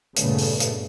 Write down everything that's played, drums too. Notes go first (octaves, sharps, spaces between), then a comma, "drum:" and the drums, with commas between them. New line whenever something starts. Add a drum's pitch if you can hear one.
G2 A#2 C#3 A3 B3, drum: hi-hat
drum: open hi-hat
drum: hi-hat